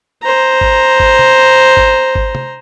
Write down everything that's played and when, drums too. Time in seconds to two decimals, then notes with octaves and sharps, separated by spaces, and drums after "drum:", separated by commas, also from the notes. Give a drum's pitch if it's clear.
0.23 C5 A#5
0.61 drum: kick G#1
1.00 drum: kick G#1
1.19 drum: tom
1.77 drum: kick G#1
2.15 drum: kick G#1
2.35 drum: tom